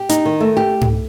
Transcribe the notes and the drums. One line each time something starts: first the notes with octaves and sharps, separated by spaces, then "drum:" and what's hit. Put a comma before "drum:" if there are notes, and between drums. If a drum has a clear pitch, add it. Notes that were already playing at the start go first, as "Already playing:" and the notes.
Already playing: G4
D#4, drum: hi-hat
D#3
A3
G4
drum: tom G#2